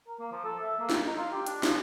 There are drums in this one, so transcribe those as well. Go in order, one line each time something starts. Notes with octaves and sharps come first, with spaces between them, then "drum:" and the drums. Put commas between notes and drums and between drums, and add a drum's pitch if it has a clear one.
A#4
A#3
F3
A4
E5
A#3
drum: snare
D#4
F4
G4
D4, drum: hi-hat
F3, drum: snare